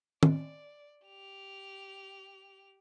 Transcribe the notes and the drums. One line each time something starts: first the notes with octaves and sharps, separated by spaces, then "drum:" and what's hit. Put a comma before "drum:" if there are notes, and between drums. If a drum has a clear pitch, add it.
D5, drum: tom
G4 F7